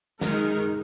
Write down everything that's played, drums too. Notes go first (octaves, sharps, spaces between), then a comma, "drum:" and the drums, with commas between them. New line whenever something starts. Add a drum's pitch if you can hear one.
D#3 G#3 D#4 A#4, drum: snare